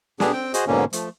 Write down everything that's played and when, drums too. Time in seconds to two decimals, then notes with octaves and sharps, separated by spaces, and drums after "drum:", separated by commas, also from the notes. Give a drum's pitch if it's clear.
0.20 B2 B3 D4 G4 G#4, drum: snare
0.33 C4 G5
0.54 F#4 G#4 C5 D#5, drum: hi-hat
0.67 G#2 B2 D3 A#3 C#4
0.93 F3 A3, drum: hi-hat